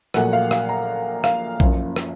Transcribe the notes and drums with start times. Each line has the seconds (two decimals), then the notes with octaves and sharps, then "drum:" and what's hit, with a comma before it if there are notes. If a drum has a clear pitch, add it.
0.14 A#1 A#2 F#3 A3 F#5, drum: rim click
0.33 F5
0.51 F5, drum: rim click
0.69 A#5
1.24 F5, drum: rim click
1.60 F#1 F#2 F3, drum: kick A#1
1.96 drum: rim click